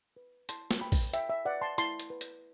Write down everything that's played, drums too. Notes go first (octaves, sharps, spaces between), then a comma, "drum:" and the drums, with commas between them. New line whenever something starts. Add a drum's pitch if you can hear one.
B4
E4 A5 C6, drum: hi-hat
drum: snare
B4 G5 B5
drum: kick, open hi-hat
E4 E5 G5, drum: hi-hat
E5
B4 D5 F#5
A5 C6
E4 A5 C6, drum: hi-hat
drum: hi-hat
B4
drum: hi-hat